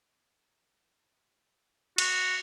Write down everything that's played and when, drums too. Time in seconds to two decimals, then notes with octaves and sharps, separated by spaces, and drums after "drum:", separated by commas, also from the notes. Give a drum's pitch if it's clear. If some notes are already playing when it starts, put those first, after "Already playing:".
1.98 F#4, drum: cymbal